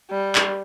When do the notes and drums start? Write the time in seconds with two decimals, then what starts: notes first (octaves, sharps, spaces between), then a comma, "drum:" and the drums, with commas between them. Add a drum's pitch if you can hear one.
0.10 G3
0.35 drum: clap